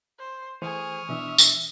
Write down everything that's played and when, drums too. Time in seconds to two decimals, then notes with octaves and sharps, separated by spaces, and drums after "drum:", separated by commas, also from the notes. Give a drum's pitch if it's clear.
0.19 C5
0.62 E3 A3 G#4 C5 C#6 D#6 F6
1.09 B2 E3 D4 E5
1.38 drum: tambourine